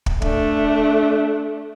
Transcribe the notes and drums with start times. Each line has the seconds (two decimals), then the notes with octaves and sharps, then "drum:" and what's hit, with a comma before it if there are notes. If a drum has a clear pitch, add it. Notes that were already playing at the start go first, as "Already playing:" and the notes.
0.06 drum: kick
0.22 A3 D4, drum: kick